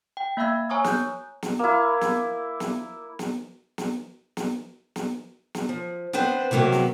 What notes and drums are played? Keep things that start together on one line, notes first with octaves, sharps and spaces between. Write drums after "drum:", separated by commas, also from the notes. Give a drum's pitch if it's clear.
G5
A#3 E5 F5 B5 E6 G#6
C#5 G#5 A#5 C#6 D#6 E6
F#6 G6, drum: snare
drum: snare
A#3 E4
drum: snare
drum: snare
drum: snare
drum: snare
drum: snare
drum: snare
drum: snare
F3
B3 C4 D4 B4 C5, drum: snare
C3 D#3 F#3 A#3 B3 A#4
drum: snare